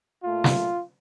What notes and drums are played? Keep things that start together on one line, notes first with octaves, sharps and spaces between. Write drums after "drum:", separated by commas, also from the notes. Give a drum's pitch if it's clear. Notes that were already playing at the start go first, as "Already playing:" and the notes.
A#2 A3 F4
drum: snare